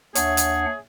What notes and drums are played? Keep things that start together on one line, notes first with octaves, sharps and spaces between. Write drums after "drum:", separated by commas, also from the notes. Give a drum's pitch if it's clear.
D#2 D4 G#4 C#5 E5 F#5, drum: hi-hat
drum: hi-hat